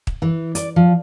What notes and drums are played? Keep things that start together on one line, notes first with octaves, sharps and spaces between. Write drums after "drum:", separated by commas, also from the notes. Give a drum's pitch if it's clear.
drum: kick
E3
D5, drum: hi-hat
F3